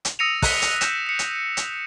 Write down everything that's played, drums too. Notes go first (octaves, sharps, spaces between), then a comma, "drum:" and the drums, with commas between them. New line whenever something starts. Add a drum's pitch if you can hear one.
drum: hi-hat
D#6 E6 A#6 C#7 D#7 F7
F#6 B6, drum: kick, open hi-hat
drum: hi-hat
E6 F#6 G6 A#6 E7, drum: hi-hat
B6 C#7
drum: hi-hat
drum: hi-hat